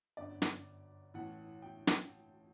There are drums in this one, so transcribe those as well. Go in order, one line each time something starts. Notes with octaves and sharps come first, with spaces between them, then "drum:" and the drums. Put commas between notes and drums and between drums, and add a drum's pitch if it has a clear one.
G1 F#2 D3 D5
drum: snare
A1 A2 E3 F#5
G5
G5, drum: snare